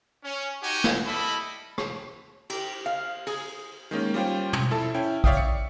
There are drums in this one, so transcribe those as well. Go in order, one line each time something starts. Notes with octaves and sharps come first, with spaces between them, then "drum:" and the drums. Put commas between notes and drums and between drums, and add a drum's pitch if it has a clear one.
C#4
D#4 F#4 G4 F#5 G#5
drum: snare
G3 E4 A4 D#5 B5
drum: rim click
G4, drum: cymbal
F5
G#4, drum: open hi-hat
D#3 G#3 A#3 C#4
G3 C#4 F4 C5 G5
drum: tom
F2 E4 A4 A5
C#4 E4 G5
C#5 D5 E5 F5 G5 D#6, drum: kick A#1
C#7